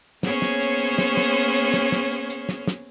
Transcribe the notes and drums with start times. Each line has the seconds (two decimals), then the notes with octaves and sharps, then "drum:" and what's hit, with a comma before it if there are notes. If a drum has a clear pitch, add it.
0.23 A#3 B3 C#4 G#4 C5 C#5, drum: snare
0.42 drum: snare
0.61 drum: hi-hat
0.80 drum: hi-hat
0.98 drum: snare
1.17 drum: snare
1.36 drum: hi-hat
1.55 drum: hi-hat
1.74 drum: snare
1.92 drum: snare
2.11 drum: hi-hat
2.30 drum: hi-hat
2.49 drum: snare
2.67 drum: snare